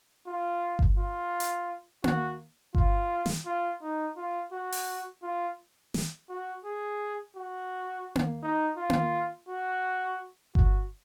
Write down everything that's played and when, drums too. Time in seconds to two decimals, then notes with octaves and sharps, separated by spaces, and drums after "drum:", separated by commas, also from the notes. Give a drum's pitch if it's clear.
0.27 F4
0.79 drum: kick G1
0.97 F4
1.40 drum: hi-hat
2.04 F#4, drum: tom A#3
2.75 F4, drum: kick G1
3.26 drum: snare
3.46 F4
3.82 D#4
4.17 F4
4.52 F#4
4.72 drum: open hi-hat
5.23 F4
5.94 drum: snare
6.29 F#4
6.65 G#4
7.36 F#4
8.15 drum: tom A#3
8.43 D#4
8.77 F4
8.90 drum: tom A#3
9.48 F#4
10.55 F#4, drum: kick G1